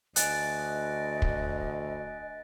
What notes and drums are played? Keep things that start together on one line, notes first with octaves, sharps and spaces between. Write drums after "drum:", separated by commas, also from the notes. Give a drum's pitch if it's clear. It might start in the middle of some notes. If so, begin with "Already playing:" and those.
D2 D#5 G#5 F#6 A6 D7, drum: hi-hat
drum: kick